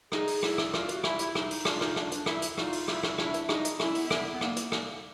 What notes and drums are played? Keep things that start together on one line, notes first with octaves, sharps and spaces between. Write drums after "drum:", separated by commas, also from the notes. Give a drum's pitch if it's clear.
D#4 G#4, drum: rim click
drum: open hi-hat
E4, drum: rim click
drum: rim click
F4 G4, drum: rim click
F#4, drum: hi-hat
E4 G4, drum: rim click
G4, drum: hi-hat
D#4, drum: rim click
D#4, drum: open hi-hat
D4 F4, drum: rim click
D#4, drum: rim click
D4, drum: rim click
D4, drum: hi-hat
D#4 E4, drum: rim click
drum: hi-hat
D#4 F4, drum: rim click
drum: open hi-hat
E4, drum: rim click
drum: rim click
D4 E4, drum: rim click
drum: hi-hat
D#4, drum: rim click
drum: hi-hat
C#4 E4, drum: rim click
B3, drum: open hi-hat
drum: rim click
B3
A#3, drum: rim click
drum: hi-hat
drum: rim click